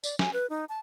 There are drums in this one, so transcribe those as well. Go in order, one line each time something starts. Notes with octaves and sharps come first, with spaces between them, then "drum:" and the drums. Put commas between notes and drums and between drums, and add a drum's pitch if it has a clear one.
D5, drum: tambourine
G#5, drum: snare
B4
D#4
A5